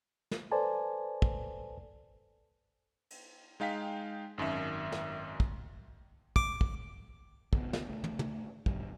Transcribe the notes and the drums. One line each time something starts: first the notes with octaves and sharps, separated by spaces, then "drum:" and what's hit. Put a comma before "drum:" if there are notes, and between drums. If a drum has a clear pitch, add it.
drum: snare
A4 B4 C5 D5 G#5 A5
drum: kick
drum: cymbal
G#3 D#4 F5 G5 B6
G#1 F#2 D#3 E5
drum: snare
drum: kick
D6, drum: kick
drum: kick
D#2 C#3 B3, drum: kick
drum: snare
D2 C#3 A3
drum: tom
drum: tom
G2 B2 D#3 G3, drum: kick